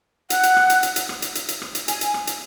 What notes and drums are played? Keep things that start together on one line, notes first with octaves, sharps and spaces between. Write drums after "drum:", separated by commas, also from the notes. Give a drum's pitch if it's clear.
F#5, drum: hi-hat
drum: hi-hat
drum: rim click
drum: hi-hat
drum: hi-hat
drum: hi-hat
drum: rim click
drum: hi-hat
drum: hi-hat
drum: hi-hat
drum: rim click
drum: hi-hat
G#5, drum: hi-hat
drum: hi-hat
drum: rim click
drum: hi-hat